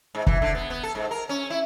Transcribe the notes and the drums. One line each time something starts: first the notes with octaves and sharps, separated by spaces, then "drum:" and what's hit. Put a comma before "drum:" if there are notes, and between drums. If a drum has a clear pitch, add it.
G#2
E3, drum: kick
D3
B3
B3
A4
G#2
A#4
C#4
E4